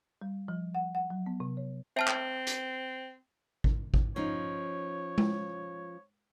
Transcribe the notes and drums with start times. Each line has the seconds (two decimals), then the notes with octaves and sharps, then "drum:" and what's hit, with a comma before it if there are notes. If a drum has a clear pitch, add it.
0.22 G3
0.48 F3
0.75 F#5
0.95 F#5
1.10 F#3
1.26 B3
1.40 C3
1.57 C#5
1.97 C4 E5 A5 F6
2.08 drum: clap
2.47 drum: hi-hat
3.64 drum: kick G#1
3.94 drum: kick G#1
4.16 F3 C#4 D#4 C#5
5.18 drum: tom G#3